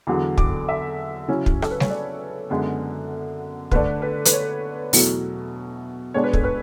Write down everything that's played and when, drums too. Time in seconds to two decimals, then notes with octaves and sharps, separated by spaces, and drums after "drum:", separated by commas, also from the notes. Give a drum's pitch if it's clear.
0.07 E2 D3 F#3
0.38 D6, drum: kick
0.69 E5
1.28 C#3 F#3 C#4 E4
1.46 drum: kick
1.62 A4, drum: rim click
1.71 B4
1.80 C#5, drum: snare G3
1.90 D5
2.50 F#2 D3 G#3 B3
3.71 D3 A3 D4 B4, drum: kick
4.02 B4
4.25 B4, drum: hi-hat
4.33 C#5
4.93 E2 B2 F#3 A3 E4, drum: open hi-hat
6.14 B2 G#3 B3 D4 C#5
6.24 B4
6.33 A4, drum: kick
6.44 B4